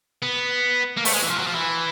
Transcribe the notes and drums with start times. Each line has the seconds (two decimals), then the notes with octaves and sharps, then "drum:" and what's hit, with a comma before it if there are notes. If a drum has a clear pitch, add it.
0.22 B3
0.97 A#3
1.05 A3, drum: open hi-hat
1.13 G#3
1.22 E3
1.30 F3
1.38 F#3
1.47 F3
1.55 E3